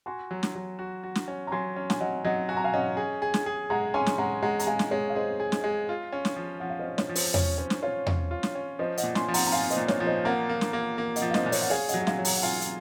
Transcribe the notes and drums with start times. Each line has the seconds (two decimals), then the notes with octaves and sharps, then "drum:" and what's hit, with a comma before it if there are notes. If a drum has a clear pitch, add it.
0.06 F#4 G#5 C6
0.31 F#3
0.43 drum: snare
0.55 F#3
0.79 F#4
1.04 F#4
1.15 drum: snare
1.28 C#4
1.47 A#5
1.52 F#3 G#5 C6
1.76 C#4
1.90 G#5, drum: snare
2.00 F#3 D#5 F#5
2.24 F#3 D#5 F#5
2.49 F#4 G#5
2.57 A#5
2.64 F5 G#5
2.73 C#4 D#5 F#5
2.97 G#4
3.22 G#4
3.34 drum: snare
3.46 G#4
3.70 G#3 F#5 A#5
3.94 C#4 G#5 C6
4.06 drum: snare
4.18 G#3 F#5 A#5
4.42 G#3 F#5 A#5
4.59 A#5, drum: hi-hat
4.67 G#3 F5 G#5
4.79 drum: snare
4.91 G#3 C#5
5.09 F5
5.15 G#4 C5 D#5
5.40 G#4
5.52 drum: snare
5.64 G#3
5.89 F4
6.13 C#4
6.25 drum: snare
6.36 F3
6.60 F3 F#5
6.69 F5
6.79 C5 D#5
6.85 C#4
6.98 C#5, drum: snare
7.09 F3
7.15 C5, drum: open hi-hat
7.34 C#4 C#5, drum: tom E2
7.58 C#4 C5
7.70 drum: snare
7.82 F4 C#5
8.06 C#4 C#5, drum: tom E2
8.31 F4
8.43 drum: snare
8.55 C#4
8.79 F3 C5 D#5
8.97 D#5 F#5, drum: hi-hat
9.04 A#2
9.15 G#5 C6, drum: snare
9.28 F3
9.34 F#5 A#5, drum: open hi-hat
9.47 A#5
9.52 F4 F5 G#5
9.70 C5 D#5, drum: hi-hat
9.77 A#2
9.88 C#5, drum: snare
10.00 F3
10.06 C5 D#5
10.25 A#3 F#5 A#5
10.49 A#3
10.61 drum: snare
10.73 A#3
10.98 A#3
11.16 D#5 F#5, drum: hi-hat
11.22 F3
11.30 F5
11.34 C5 D#5, drum: snare
11.46 A#2
11.52 C#5, drum: open hi-hat
11.62 F#5
11.70 G#4 C#5 F5
11.89 D#5 F#5, drum: hi-hat
11.94 F#3
12.00 F#5
12.07 F5 G#5, drum: snare
12.19 F#3
12.25 F#5 A#5, drum: open hi-hat
12.37 F#5
12.43 F4 F5 G#5
12.61 drum: hi-hat